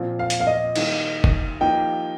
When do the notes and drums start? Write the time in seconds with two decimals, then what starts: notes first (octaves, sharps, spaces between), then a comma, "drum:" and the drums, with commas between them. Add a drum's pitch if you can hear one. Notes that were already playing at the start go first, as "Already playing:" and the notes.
Already playing: A#2 F3 C4 F4
0.19 F5
0.30 drum: hi-hat
0.40 F5
0.47 D#5
0.76 D#3 G3 A#3 G4, drum: cymbal
1.24 drum: kick
1.61 F3 A#3 D#4 G4 G5